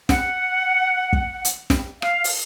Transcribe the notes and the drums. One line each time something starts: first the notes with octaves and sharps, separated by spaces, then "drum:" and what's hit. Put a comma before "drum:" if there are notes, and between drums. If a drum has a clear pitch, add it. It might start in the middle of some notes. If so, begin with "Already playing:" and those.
F#5, drum: snare
drum: kick
drum: hi-hat
drum: snare
F5, drum: rim click
drum: open hi-hat